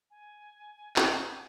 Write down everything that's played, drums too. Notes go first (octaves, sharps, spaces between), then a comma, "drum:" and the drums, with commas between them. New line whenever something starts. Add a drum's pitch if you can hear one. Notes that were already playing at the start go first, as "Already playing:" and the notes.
G#5
G#5, drum: clap